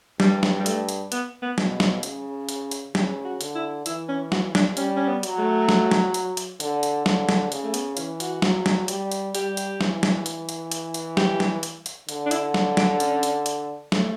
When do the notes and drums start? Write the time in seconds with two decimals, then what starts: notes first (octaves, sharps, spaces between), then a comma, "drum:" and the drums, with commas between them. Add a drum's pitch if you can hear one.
0.20 G2 G3, drum: snare
0.43 drum: snare
0.60 G3
0.66 A3, drum: hi-hat
0.89 drum: hi-hat
1.12 B3, drum: hi-hat
1.42 B3
1.58 B2, drum: snare
1.80 drum: snare
2.03 C#3, drum: hi-hat
2.49 drum: hi-hat
2.71 drum: hi-hat
2.95 C#3 G4, drum: snare
3.25 F#4
3.41 D3, drum: hi-hat
3.55 E4
3.86 E3 E4, drum: hi-hat
4.08 C#4
4.32 F#4, drum: snare
4.55 D4, drum: snare
4.77 G3 C#4, drum: hi-hat
4.96 C#4
5.08 B3
5.23 F#3, drum: hi-hat
5.38 A3
5.69 drum: snare
5.91 drum: snare
6.14 drum: hi-hat
6.37 drum: hi-hat
6.60 D3, drum: hi-hat
6.83 drum: hi-hat
7.06 D3, drum: snare
7.29 drum: snare
7.52 C#3, drum: hi-hat
7.64 A3
7.74 B3, drum: hi-hat
7.97 E3 C#4, drum: hi-hat
8.20 F#4, drum: hi-hat
8.42 F#3, drum: snare
8.66 drum: snare
8.88 G3, drum: hi-hat
9.11 drum: hi-hat
9.35 G3 G4, drum: hi-hat
9.57 drum: hi-hat
9.81 E3, drum: snare
10.03 drum: snare
10.26 drum: hi-hat
10.49 drum: hi-hat
10.72 drum: hi-hat
10.94 drum: hi-hat
11.17 G4, drum: snare
11.40 drum: snare
11.63 drum: hi-hat
11.86 drum: hi-hat
12.09 D3, drum: hi-hat
12.26 D4
12.31 E4, drum: hi-hat
12.54 drum: snare
12.77 D4, drum: snare
13.00 C#4, drum: hi-hat
13.23 drum: hi-hat
13.46 drum: hi-hat
13.92 A3, drum: snare